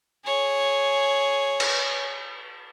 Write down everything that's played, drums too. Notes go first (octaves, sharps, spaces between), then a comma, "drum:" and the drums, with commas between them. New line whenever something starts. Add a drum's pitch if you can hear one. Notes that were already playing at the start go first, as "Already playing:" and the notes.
G#4 C#5
drum: cymbal